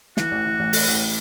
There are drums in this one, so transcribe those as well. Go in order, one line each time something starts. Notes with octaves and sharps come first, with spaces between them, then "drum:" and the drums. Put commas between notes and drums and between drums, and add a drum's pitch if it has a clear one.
E3 F#4, drum: snare
A1
E3
A1
A1, drum: open hi-hat
A1